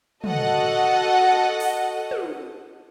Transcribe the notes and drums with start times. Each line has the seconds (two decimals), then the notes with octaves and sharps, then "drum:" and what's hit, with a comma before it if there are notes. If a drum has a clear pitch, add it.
0.24 F#4 A4 D#5 F#5, drum: tom
1.60 drum: open hi-hat
2.11 drum: tom